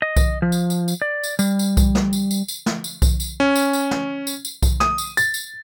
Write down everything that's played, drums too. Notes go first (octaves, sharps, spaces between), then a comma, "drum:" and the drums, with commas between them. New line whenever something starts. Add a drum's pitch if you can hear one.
D#5
drum: kick B1, tambourine
F3
drum: tambourine
drum: tambourine
drum: tambourine
D5
drum: tambourine
G3, drum: tambourine
drum: tambourine
drum: kick B1, tambourine
drum: snare
drum: tambourine
drum: tambourine
drum: tambourine
drum: snare
drum: tambourine
drum: kick B1, tambourine
drum: tambourine
C#4
drum: tambourine
drum: tambourine
drum: snare
drum: tambourine
drum: tambourine
drum: kick B1, tambourine
D#6, drum: snare
drum: tambourine
A6, drum: tambourine
drum: tambourine